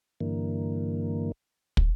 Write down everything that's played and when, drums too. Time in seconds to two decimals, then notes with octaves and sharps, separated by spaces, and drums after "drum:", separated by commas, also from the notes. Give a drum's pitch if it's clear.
0.20 G2 D3 E3 A#3
1.77 drum: kick